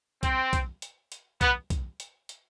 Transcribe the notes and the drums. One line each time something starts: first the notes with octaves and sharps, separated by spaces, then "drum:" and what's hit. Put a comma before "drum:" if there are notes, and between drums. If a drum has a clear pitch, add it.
C4, drum: kick B1, hi-hat
drum: kick B1, hi-hat
drum: hi-hat
drum: hi-hat
B3, drum: kick B1, hi-hat
drum: kick B1, hi-hat
drum: hi-hat
drum: hi-hat